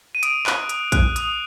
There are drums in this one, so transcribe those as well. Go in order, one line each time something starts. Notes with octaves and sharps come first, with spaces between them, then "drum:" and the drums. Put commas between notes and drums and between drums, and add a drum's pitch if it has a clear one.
D#7
D#6 D7, drum: hi-hat
F#6, drum: clap
D#6, drum: hi-hat
F#6, drum: kick, hi-hat
D#6, drum: hi-hat